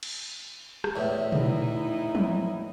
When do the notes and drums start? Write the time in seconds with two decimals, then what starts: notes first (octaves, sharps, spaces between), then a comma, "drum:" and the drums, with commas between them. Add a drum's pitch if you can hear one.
0.03 drum: cymbal
0.84 drum: rim click
0.96 E2 A2 E5
1.32 D#4 E4, drum: tom
2.15 drum: tom